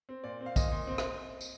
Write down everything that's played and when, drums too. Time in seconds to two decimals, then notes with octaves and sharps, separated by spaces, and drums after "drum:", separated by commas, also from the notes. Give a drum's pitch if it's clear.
0.09 C4
0.24 A#2 D5
0.41 C4
0.46 F5
0.56 A#2 D#5, drum: kick, tambourine
0.72 A#2
0.87 C4
0.98 drum: rim click
1.41 drum: tambourine